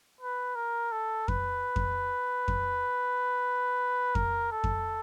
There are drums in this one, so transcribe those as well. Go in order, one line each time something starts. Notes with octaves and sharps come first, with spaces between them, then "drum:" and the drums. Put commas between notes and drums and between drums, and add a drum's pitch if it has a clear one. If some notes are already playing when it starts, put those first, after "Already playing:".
B4
A#4
A4
B4, drum: kick F2
drum: kick F2
drum: kick F2
A#4, drum: kick F2
A4
drum: kick F2